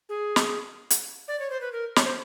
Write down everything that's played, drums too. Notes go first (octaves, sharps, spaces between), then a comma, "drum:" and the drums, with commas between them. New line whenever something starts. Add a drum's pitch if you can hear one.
G#4
drum: snare
drum: hi-hat
D5
C#5
C5
B4
A#4
C#5, drum: snare
C5